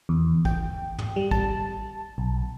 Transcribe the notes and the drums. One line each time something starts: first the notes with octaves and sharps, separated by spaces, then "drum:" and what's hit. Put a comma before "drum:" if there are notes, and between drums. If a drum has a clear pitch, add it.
E2
G5, drum: kick
drum: tom
G3
A5, drum: kick
B1